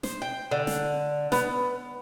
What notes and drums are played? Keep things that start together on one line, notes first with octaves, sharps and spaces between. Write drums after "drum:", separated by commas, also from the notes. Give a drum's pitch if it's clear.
C5, drum: snare
G5
D3
drum: snare
B3, drum: snare